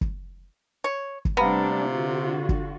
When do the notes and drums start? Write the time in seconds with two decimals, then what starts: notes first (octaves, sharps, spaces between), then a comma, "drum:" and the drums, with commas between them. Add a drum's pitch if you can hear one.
0.01 drum: kick
0.84 C#5
1.25 drum: kick
1.37 C3 G3 A3 B3 D4 F5 A#5
1.87 D3 F4 F#4
2.49 drum: kick